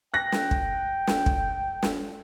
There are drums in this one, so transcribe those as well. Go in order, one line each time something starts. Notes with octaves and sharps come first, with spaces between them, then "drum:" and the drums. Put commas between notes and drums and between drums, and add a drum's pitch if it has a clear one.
G5 F#6 A#6
drum: snare
drum: kick
drum: snare
drum: kick
drum: snare